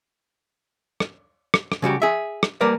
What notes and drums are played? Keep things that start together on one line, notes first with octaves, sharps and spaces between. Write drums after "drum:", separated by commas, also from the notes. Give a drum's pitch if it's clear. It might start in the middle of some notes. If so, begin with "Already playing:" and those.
drum: rim click
drum: rim click
drum: rim click
C#3 G3 F#4 G4
G#4 E5
drum: rim click
G3 A#3 A#4 B4 D5